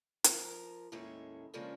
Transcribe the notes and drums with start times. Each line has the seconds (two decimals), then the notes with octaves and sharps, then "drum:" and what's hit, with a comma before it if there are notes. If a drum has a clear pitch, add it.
0.24 F3 A#4, drum: hi-hat
0.92 D#2 A2 G#3 C#4 E5
1.54 C#3 F3 G#3 A#3 C#4 D4